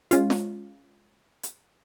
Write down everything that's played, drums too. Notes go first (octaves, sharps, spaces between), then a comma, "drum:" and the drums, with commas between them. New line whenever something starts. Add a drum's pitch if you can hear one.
G#3 C#4 F4, drum: hi-hat
drum: snare
drum: hi-hat